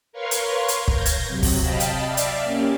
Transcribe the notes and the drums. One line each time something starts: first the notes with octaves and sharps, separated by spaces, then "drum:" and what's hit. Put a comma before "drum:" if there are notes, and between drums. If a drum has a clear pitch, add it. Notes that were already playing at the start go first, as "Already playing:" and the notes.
A#4 B4 C#5 F5 C6 C#6
drum: hi-hat
drum: hi-hat
G6 G#6 A#6, drum: kick
drum: hi-hat
C3 F#3
drum: kick, open hi-hat
D#5 F5 G5 A5 B5
drum: hi-hat
D5 E5 F5
drum: hi-hat
A#3 C#4 G4